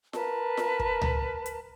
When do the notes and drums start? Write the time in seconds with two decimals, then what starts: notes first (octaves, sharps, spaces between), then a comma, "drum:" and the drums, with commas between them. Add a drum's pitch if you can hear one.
0.13 A#4 B4 A5, drum: snare F4
0.57 drum: snare F4
0.79 drum: kick
1.02 drum: tom C#2
1.46 drum: hi-hat